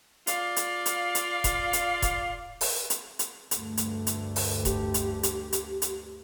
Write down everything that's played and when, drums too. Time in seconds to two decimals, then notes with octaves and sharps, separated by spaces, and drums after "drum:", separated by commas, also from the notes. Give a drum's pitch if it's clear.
0.27 F4 D5 F5, drum: hi-hat
0.56 drum: hi-hat
0.86 drum: hi-hat
1.15 drum: hi-hat
1.44 drum: kick E1, hi-hat
1.73 drum: hi-hat
2.02 drum: kick E1, hi-hat
2.61 drum: open hi-hat
2.90 drum: hi-hat
3.19 drum: hi-hat
3.51 D2 G2 A3, drum: hi-hat
3.77 drum: hi-hat
4.07 drum: hi-hat
4.36 drum: open hi-hat
4.65 G4, drum: kick E1, hi-hat
4.94 drum: hi-hat
5.23 drum: hi-hat
5.53 drum: hi-hat
5.82 drum: hi-hat